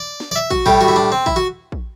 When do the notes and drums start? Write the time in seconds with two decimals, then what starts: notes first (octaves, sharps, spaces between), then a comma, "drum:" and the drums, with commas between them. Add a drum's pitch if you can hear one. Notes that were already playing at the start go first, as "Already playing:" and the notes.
Already playing: D5
0.20 drum: snare
0.31 D5
0.36 E5
0.51 F#4, drum: kick
0.66 A2 G3 G4, drum: kick
0.81 F#4
0.88 E4
0.96 D4
1.12 C4
1.26 E4, drum: kick
1.36 F#4
1.72 drum: kick